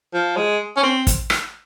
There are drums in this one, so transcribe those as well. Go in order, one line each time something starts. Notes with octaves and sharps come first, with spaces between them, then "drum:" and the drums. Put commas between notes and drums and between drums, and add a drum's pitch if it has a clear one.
F3
G#3
C#4
C4
drum: kick, hi-hat
drum: rim click